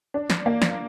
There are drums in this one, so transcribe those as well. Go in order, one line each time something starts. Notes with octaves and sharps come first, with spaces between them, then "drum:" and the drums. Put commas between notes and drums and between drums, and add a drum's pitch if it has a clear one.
D4
drum: snare
A#3
drum: snare